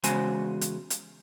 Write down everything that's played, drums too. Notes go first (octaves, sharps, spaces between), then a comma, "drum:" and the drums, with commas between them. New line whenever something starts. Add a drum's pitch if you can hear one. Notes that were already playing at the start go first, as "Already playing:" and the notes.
E2 C#3 G#3 F#4 C5 G#5, drum: hi-hat
drum: hi-hat
drum: hi-hat